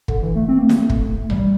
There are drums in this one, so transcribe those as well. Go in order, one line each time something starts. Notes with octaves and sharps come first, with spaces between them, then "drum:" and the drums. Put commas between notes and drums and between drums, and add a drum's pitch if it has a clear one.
D3, drum: kick
E3
A3
C4
A#3
A3
A#3, drum: snare
A3
drum: kick
G3, drum: tom A#1